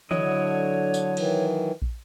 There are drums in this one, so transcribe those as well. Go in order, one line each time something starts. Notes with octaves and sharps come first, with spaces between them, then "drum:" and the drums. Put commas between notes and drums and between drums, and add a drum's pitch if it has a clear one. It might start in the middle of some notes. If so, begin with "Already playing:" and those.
D3 F#3 E4 C#5 D#5, drum: tom D#3
drum: tambourine
D#3 E3, drum: cymbal
drum: kick